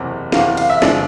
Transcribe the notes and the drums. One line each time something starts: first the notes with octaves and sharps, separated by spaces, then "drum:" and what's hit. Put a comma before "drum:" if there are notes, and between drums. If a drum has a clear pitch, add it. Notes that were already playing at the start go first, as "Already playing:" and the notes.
Already playing: F#1 E2 C3
F#1 E2 C3 F5, drum: snare
F5, drum: cymbal
E5
G1 D3 F3 G#3 D5, drum: snare